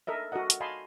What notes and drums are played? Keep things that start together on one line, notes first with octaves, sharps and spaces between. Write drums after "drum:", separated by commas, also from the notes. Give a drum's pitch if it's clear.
A4 A#4 D#5 E5
F#4 A4 A#4 D#5 F#5
drum: hi-hat
D#5 F5 G#5 A5 B5 C6